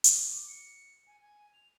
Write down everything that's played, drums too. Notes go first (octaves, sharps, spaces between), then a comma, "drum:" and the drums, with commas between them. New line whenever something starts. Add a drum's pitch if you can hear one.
drum: hi-hat
D6
C#7
G#5
G#5
F7